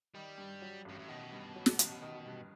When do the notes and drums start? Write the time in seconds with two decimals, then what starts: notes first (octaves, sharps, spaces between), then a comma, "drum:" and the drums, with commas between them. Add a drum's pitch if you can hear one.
0.14 D#3 G3
0.38 G2
0.62 F#3
0.85 A1 G2
0.99 A2
1.08 B2 D#3
1.32 G2
1.56 F#3
1.66 drum: snare
1.79 A1, drum: hi-hat
2.02 D#3
2.26 G2